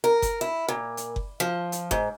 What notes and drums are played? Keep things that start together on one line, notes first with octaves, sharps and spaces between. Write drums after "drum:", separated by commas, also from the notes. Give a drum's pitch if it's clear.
A#4
drum: kick F#1, hi-hat
E4
A#2
drum: hi-hat
drum: kick F#1
F3
drum: hi-hat
G#2, drum: kick F#1